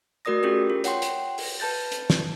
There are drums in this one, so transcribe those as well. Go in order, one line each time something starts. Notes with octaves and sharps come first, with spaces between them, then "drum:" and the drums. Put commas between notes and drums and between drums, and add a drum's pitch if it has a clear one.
A3 F#4 A#4 D5 D#6 A#6
C#4 F4 G4 G#4 A#4
F4
C#5 F#5 G5 C6, drum: hi-hat
drum: hi-hat
drum: open hi-hat
B4 A5 G6 A6
drum: hi-hat
drum: snare